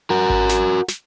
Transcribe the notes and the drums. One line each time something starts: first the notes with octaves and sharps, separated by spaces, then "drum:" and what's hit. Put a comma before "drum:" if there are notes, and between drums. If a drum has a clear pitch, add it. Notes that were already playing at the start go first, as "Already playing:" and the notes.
F#4 A#4
drum: kick G#1
drum: snare
drum: snare